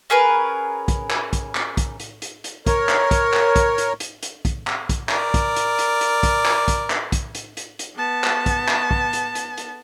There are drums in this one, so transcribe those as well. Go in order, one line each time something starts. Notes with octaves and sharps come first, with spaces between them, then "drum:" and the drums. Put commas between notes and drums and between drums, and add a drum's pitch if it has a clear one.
C#4 G#4 A#4 B4
drum: kick, hi-hat
drum: clap
drum: kick, hi-hat
drum: clap
drum: kick, hi-hat
drum: hi-hat
drum: hi-hat
drum: hi-hat
A#4 C#5, drum: kick, hi-hat
drum: clap
drum: kick, hi-hat
drum: clap
drum: kick, hi-hat
drum: hi-hat
drum: hi-hat
drum: hi-hat
drum: kick, hi-hat
drum: clap
drum: kick, hi-hat
A#4 D5, drum: clap
drum: kick, hi-hat
drum: hi-hat
drum: hi-hat
drum: hi-hat
drum: kick, hi-hat
drum: clap
drum: kick, hi-hat
drum: clap
drum: kick, hi-hat
drum: hi-hat
drum: hi-hat
drum: hi-hat
B3 A5
drum: clap
drum: kick, hi-hat
drum: clap
drum: kick
drum: hi-hat
drum: hi-hat
drum: hi-hat